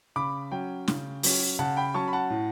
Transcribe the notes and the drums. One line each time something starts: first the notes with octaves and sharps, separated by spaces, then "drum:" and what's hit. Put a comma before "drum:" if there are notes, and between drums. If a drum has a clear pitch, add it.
C#3 B5 D6
F#3 C#4 G5
C#3, drum: snare
F#3 C#4, drum: open hi-hat
C#3 F#5 A5
G5 B5
F#3 C#4 A5 C#6
B5
F#5 A5
A2